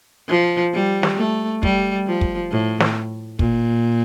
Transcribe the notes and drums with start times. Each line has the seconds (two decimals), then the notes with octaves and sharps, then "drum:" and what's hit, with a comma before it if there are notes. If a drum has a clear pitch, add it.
0.29 F3
0.74 G3
1.03 drum: snare
1.17 A3
1.63 G3, drum: kick
2.07 F3
2.21 drum: kick
2.51 A2
2.80 drum: snare
3.39 A#2, drum: kick